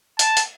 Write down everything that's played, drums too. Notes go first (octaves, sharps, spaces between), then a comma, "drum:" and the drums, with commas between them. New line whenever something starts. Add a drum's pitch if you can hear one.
A5, drum: hi-hat
drum: hi-hat